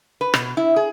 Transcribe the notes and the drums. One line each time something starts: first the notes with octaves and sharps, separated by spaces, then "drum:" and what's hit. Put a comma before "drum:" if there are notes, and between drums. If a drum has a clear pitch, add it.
B4
B2, drum: rim click
E4
G#4